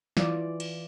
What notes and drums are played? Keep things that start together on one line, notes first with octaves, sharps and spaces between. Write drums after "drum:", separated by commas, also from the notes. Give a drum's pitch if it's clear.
E3 F4 D5, drum: snare
drum: cymbal